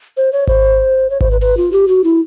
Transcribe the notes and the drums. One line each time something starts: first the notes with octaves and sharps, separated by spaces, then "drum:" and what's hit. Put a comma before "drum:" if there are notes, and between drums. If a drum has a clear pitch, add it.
C5
C#5
C5, drum: kick G#1
C#5
C5, drum: kick G#1
B4
B4, drum: open hi-hat
F4
G4
F#4
E4